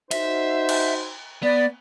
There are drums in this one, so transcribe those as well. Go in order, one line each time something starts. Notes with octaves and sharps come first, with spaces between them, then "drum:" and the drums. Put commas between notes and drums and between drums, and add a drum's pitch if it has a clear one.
D#4 F#4 C5 E5, drum: cymbal
drum: cymbal
B3 D5